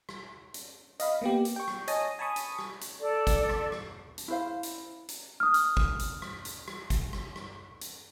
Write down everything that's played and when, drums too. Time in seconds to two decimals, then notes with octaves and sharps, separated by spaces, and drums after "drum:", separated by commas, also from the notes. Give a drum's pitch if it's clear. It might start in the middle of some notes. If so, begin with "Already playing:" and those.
0.09 drum: rim click
0.54 drum: hi-hat
1.00 D#5 F5 B5, drum: hi-hat
1.21 A#3 B3 G4
1.45 drum: hi-hat
1.56 G5 C#6
1.68 drum: rim click
1.88 C#5 D#5 G#5 A5 D#6 A#6, drum: hi-hat
2.19 G#5 A5 B5 C#6 D#6
2.36 drum: hi-hat
2.59 drum: rim click
2.81 drum: hi-hat
3.01 A4 D5
3.27 drum: kick, hi-hat
3.50 drum: rim click
3.72 drum: rim click
4.18 drum: hi-hat
4.28 E4 C5 F5
4.63 drum: hi-hat
5.09 drum: hi-hat
5.40 D#6 F6
5.54 drum: hi-hat
5.77 drum: kick
5.99 drum: hi-hat
6.22 drum: rim click
6.45 drum: hi-hat
6.68 drum: rim click
6.90 drum: kick, hi-hat
7.13 drum: rim click
7.36 drum: rim click
7.81 drum: hi-hat